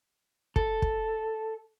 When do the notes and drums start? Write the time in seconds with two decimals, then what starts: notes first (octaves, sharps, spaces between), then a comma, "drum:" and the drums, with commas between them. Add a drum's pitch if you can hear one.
0.56 A4, drum: kick
0.82 drum: kick